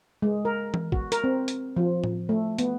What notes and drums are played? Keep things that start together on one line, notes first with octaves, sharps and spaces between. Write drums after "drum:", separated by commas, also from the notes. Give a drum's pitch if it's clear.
G#3
A#4
drum: tom E3
F#4, drum: kick
A#4, drum: hi-hat
C4
drum: hi-hat
F3
drum: tom A2
A3
B3, drum: hi-hat